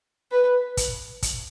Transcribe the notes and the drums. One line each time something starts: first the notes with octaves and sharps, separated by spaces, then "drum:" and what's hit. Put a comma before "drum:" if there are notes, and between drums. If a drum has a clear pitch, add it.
B4
drum: kick, hi-hat
drum: kick, hi-hat